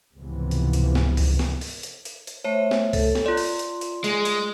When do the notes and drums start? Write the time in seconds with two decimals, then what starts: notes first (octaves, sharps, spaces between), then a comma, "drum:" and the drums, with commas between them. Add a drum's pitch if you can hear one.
0.16 C#2 G#2 C3 E3 F3 B3
0.51 drum: hi-hat
0.73 drum: hi-hat
0.95 drum: snare
1.17 drum: kick C2, open hi-hat
1.39 drum: snare
1.61 drum: open hi-hat
1.83 drum: hi-hat
2.05 drum: hi-hat
2.27 drum: hi-hat
2.44 A3 C5 C#5 E5
2.71 drum: snare
2.93 A4, drum: kick C2, open hi-hat
3.15 drum: snare
3.26 F4 D5 C6
3.37 drum: open hi-hat
3.59 drum: hi-hat
3.81 drum: hi-hat
4.04 G#3, drum: hi-hat
4.25 drum: hi-hat